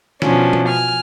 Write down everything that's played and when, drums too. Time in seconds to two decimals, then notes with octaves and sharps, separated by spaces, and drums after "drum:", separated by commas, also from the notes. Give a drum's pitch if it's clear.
0.22 B2 E3 F3 C#4 D4, drum: snare
0.53 drum: tom
0.67 G#5 F6